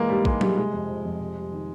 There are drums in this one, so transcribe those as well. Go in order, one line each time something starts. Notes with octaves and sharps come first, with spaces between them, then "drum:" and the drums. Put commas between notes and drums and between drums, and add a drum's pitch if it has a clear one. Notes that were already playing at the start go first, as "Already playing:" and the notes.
Already playing: E3 G#3 A#3
G#2 G3
G3 G#3, drum: kick A#1
G#2 G3, drum: tom F#3
C3 G#3
F2
F3
F2
C3
G3
D#3